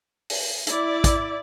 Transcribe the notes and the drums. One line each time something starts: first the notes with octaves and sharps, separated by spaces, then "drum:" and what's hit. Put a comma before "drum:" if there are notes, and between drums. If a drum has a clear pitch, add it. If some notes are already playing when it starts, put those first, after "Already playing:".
drum: open hi-hat
E4 D5, drum: hi-hat
drum: kick, hi-hat